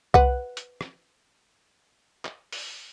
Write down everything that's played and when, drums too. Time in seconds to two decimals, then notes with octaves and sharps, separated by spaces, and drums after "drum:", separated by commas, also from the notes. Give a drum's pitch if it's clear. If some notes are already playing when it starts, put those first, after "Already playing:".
0.14 B4 F#5, drum: kick C2
0.57 drum: hi-hat
0.81 drum: rim click
2.25 drum: clap
2.53 drum: open hi-hat